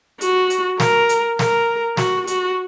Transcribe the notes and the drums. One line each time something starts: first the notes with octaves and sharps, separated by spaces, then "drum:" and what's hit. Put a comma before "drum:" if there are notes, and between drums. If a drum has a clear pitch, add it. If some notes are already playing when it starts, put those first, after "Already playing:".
F#4, drum: hi-hat
drum: hi-hat
A#4, drum: snare
drum: hi-hat
A#4, drum: snare
F#4, drum: snare
F#4, drum: hi-hat